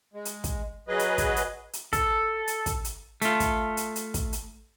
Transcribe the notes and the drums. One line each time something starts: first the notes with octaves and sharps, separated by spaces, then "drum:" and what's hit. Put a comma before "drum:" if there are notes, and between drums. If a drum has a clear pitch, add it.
G#3
drum: hi-hat
drum: kick, hi-hat
F#3 G#4 B4 D#5
drum: hi-hat
drum: kick, hi-hat
drum: hi-hat
drum: hi-hat
A4, drum: kick, hi-hat
drum: hi-hat
drum: kick, hi-hat
drum: hi-hat
A3 F4, drum: hi-hat
drum: kick, hi-hat
drum: hi-hat
drum: hi-hat
drum: kick, hi-hat
drum: hi-hat